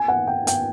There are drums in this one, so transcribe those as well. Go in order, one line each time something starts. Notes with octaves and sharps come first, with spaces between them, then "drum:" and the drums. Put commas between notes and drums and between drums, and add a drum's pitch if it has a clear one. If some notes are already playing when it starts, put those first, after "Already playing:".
Already playing: G#5
F#5
G5
G5, drum: hi-hat